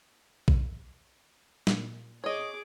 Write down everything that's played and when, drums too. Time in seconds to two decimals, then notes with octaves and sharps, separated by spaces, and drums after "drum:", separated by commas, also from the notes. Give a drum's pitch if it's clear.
0.48 drum: kick A#1
1.67 A#2, drum: snare
2.24 G#4 C#5 D#5 D6